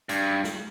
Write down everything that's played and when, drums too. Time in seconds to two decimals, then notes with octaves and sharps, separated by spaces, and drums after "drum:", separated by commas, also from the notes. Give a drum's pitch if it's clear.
0.09 G2, drum: hi-hat
0.44 drum: snare